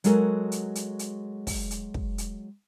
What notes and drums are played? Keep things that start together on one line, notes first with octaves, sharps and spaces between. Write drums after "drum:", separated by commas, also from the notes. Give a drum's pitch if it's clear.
F#3 G#3 F#4 A4 A#4, drum: hi-hat
drum: hi-hat
drum: hi-hat
drum: hi-hat
drum: kick, open hi-hat
drum: hi-hat
drum: kick
drum: hi-hat